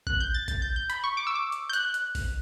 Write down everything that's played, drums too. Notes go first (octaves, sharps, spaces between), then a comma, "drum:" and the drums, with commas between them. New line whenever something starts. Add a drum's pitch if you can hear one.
F#6, drum: kick A1
G6
A6
A6, drum: kick A1, hi-hat
G6
G6
B5, drum: hi-hat
C#6
D6
E6
D6
drum: hi-hat
G6
F#6, drum: hi-hat
drum: hi-hat
drum: kick A1, open hi-hat